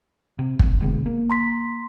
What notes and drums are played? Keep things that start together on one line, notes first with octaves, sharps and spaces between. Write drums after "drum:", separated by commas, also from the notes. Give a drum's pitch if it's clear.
C3
G#1 D#2, drum: kick
B2 D3 G#3
A#3
A#5 C6 B6